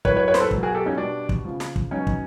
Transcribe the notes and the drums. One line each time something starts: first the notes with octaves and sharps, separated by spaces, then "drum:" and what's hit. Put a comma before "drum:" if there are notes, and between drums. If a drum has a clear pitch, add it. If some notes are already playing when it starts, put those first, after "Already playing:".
A2 F#3 B4 C#5, drum: kick
B4 C#5
B4 C#5
C5, drum: snare
A4 B4
B2 F#3, drum: kick
F#4 G#4
G4 A4
C#4 D#4
B2 G3 D4
drum: kick
C#3 F3
drum: snare
drum: kick
B2 F#3 C#4 D#4
drum: kick